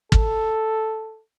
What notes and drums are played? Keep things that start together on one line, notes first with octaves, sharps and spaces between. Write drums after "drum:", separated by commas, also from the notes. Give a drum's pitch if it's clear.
A4, drum: kick